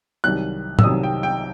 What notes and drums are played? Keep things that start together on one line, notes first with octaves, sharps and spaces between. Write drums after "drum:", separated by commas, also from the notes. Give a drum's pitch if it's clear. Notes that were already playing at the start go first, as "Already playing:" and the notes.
C2 C3 D#3 F#3 F#6
E6, drum: tom
C2 C3 D#3 F#3 D#6
G5
G5